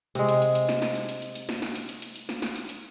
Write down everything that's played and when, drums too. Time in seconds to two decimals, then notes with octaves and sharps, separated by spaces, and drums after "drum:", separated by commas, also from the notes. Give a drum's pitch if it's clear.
0.15 C3 G#3, drum: hi-hat
0.29 drum: hi-hat
0.42 drum: hi-hat
0.55 drum: hi-hat
0.69 drum: snare
0.82 drum: snare
0.95 drum: hi-hat
1.09 drum: hi-hat
1.22 drum: hi-hat
1.35 drum: hi-hat
1.49 drum: snare
1.62 drum: snare
1.75 drum: hi-hat
1.89 drum: hi-hat
2.02 drum: hi-hat
2.16 drum: hi-hat
2.29 drum: snare
2.42 drum: snare
2.56 drum: hi-hat
2.69 drum: hi-hat